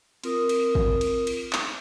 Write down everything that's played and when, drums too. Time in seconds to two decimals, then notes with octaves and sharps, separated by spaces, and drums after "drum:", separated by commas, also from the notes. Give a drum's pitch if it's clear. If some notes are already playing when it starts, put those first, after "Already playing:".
0.24 C4 F4 A#4 D#6, drum: cymbal
0.49 drum: cymbal
0.75 drum: kick G#1
1.01 drum: cymbal
1.27 drum: cymbal
1.53 drum: clap